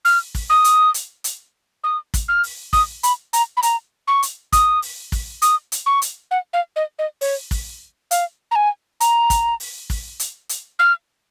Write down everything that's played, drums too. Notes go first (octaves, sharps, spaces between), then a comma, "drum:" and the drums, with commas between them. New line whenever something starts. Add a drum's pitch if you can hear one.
F6, drum: open hi-hat
drum: kick, open hi-hat
D#6
drum: hi-hat
drum: hi-hat
drum: hi-hat
D#6
drum: kick, hi-hat
F6
drum: open hi-hat
D#6, drum: kick, open hi-hat
B5, drum: hi-hat
A#5, drum: hi-hat
B5
A#5, drum: hi-hat
C#6
drum: hi-hat
D#6, drum: kick, hi-hat
drum: open hi-hat
drum: kick, open hi-hat
D#6, drum: hi-hat
drum: hi-hat
C#6
drum: hi-hat
F#5
F5
D#5
D#5
C#5, drum: open hi-hat
drum: kick, open hi-hat
F5, drum: hi-hat
A#5
G#5
A#5, drum: hi-hat
drum: kick, hi-hat
drum: open hi-hat
drum: kick, open hi-hat
drum: hi-hat
drum: hi-hat
F6